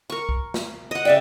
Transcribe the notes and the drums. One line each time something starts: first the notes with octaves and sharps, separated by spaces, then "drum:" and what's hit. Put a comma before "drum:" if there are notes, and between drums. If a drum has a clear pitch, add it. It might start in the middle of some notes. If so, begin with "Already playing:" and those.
A#4 C#6
drum: kick C2
drum: snare
D#5 F#5
C#3 D5 E5 G5